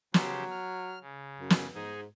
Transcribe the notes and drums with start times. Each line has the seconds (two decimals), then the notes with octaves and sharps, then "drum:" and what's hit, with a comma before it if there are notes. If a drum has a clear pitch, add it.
0.14 C#3 F#3 G4 C5, drum: snare
0.50 F6
1.01 C#3
1.41 F#2
1.50 drum: snare
1.75 G#2 D#4 G#4